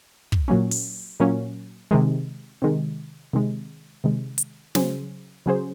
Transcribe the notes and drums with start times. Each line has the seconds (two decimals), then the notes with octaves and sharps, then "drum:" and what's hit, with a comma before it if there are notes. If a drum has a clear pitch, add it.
0.32 drum: kick
0.48 A#2 F#3 A#3 C#4
0.71 drum: open hi-hat
1.20 A#2 F#3 A#3 C#4
1.91 C3 D#3 G#3
2.62 C3 D#3 G#3
3.33 C3 D#3 G#3
4.04 C3 D#3 G#3
4.38 drum: hi-hat
4.75 C#3 F#3 C#4 G#4 C5, drum: snare
5.46 C#3 F#3 C#4 G#4 C5